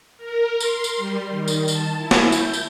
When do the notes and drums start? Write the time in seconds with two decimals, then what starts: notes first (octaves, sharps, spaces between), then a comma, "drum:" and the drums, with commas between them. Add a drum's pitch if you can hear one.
0.18 A#4
0.60 C6, drum: tambourine
0.84 drum: tambourine
0.97 G3
1.30 D#3
1.48 drum: tambourine
1.68 A5, drum: tambourine
1.96 E4
2.11 drum: snare
2.32 G6, drum: tambourine
2.53 drum: tambourine